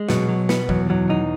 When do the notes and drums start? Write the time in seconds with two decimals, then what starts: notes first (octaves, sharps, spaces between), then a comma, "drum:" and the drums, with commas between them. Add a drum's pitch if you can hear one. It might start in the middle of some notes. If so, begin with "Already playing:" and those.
Already playing: G#3
0.09 B2 F#3, drum: snare
0.29 F#3
0.49 B3, drum: snare
0.69 E2 F#3, drum: kick
0.90 E2 F#3
1.10 E2 D#4